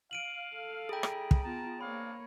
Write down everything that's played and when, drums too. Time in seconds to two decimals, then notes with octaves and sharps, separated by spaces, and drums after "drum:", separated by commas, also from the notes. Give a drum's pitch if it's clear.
0.11 F5 D7 D#7 F#7
0.56 A4
0.89 G3 E4 G#4 G5 A#5
1.03 drum: rim click
1.31 drum: kick
1.42 B3 F4 A5 A#5
1.81 A#3 C4 D4 C#5 F5 B5